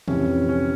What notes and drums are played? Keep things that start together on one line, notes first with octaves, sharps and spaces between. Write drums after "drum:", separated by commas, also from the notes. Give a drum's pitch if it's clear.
F2 C3 E3 C#4, drum: tom A#2
C#4